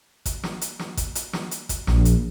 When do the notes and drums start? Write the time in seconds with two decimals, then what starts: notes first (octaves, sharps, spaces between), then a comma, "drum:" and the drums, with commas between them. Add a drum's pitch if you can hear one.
0.26 drum: kick G#1, hi-hat
0.44 drum: snare
0.61 drum: hi-hat
0.79 drum: snare
0.97 drum: kick G#1, hi-hat
1.15 drum: hi-hat
1.33 drum: snare
1.51 drum: hi-hat
1.69 drum: kick G#1, hi-hat
1.87 A#1, drum: snare
2.05 drum: hi-hat